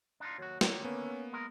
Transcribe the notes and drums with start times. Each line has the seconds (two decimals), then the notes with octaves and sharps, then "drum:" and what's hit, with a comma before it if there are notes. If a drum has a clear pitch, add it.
0.20 D4 D#4 F4
0.38 D#2 F#3 F#4
0.61 D3 D#3 F#3, drum: snare
0.84 A#3 B3 C#4
1.33 G#3 A#4